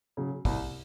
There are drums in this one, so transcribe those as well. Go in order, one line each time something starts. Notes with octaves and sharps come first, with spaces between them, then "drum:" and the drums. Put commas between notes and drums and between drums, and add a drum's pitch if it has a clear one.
C#3 F#3
C2, drum: kick, open hi-hat